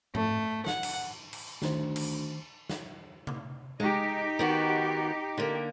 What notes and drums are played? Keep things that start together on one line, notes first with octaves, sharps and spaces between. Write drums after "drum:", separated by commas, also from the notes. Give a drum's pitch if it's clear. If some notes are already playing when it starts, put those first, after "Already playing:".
A3, drum: tom G#2
F#5, drum: snare
drum: cymbal
drum: cymbal
D2 D#3 C5, drum: snare
drum: cymbal
drum: snare
drum: tom C3
G#3 D#4 G4
D#3 B3 F#4
D3 A#3